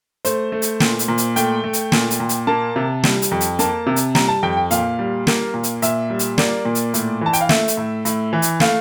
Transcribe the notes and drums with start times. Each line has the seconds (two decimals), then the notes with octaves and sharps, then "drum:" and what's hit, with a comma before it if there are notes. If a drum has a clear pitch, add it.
0.25 A3 C5, drum: hi-hat
0.52 A3
0.62 drum: hi-hat
0.80 A#2, drum: snare
0.99 drum: hi-hat
1.08 A#2
1.18 drum: hi-hat
1.36 A3 G5, drum: hi-hat
1.64 A3
1.73 drum: hi-hat
1.92 A#2, drum: snare
2.11 drum: hi-hat
2.20 A#2
2.29 drum: hi-hat
2.47 A#3 A5
2.76 C3
3.04 G3, drum: snare
3.22 drum: hi-hat
3.31 F2
3.41 drum: hi-hat
3.59 A#3 A5, drum: hi-hat
3.87 C3
3.96 drum: hi-hat
4.15 G3 A#5, drum: snare
4.28 A5
4.43 F2 G5
4.57 G5
4.71 A#2 F5, drum: hi-hat
4.99 G3
5.27 A#3, drum: snare
5.54 A#2
5.63 drum: hi-hat
5.82 A#2 E5, drum: hi-hat
6.10 G3
6.19 drum: hi-hat
6.38 A#3 D5, drum: snare
6.65 A#2
6.75 drum: hi-hat
6.94 A2, drum: hi-hat
7.21 E3 A5
7.33 G5, drum: hi-hat
7.41 F5
7.49 A3 E5, drum: snare
7.68 drum: hi-hat
7.77 A2
8.05 A2, drum: hi-hat
8.33 E3
8.42 drum: hi-hat
8.60 A3 F5, drum: snare